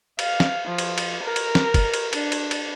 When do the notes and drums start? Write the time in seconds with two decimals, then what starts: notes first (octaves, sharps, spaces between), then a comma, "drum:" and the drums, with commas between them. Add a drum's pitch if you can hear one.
0.19 F5, drum: cymbal
0.40 drum: snare
0.66 F3
0.78 drum: cymbal
0.98 drum: cymbal
1.23 A#4
1.36 drum: cymbal
1.55 drum: snare
1.74 drum: kick, cymbal
1.94 drum: cymbal
2.13 D4, drum: cymbal
2.32 drum: cymbal
2.51 drum: cymbal